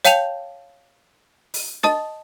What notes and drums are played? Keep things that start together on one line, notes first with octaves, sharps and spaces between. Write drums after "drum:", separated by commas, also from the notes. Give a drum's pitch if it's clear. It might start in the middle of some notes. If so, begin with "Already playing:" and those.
C#5 F5 G5 A5 G6 F7, drum: hi-hat
drum: open hi-hat
D#5 A5 D#6 A6, drum: snare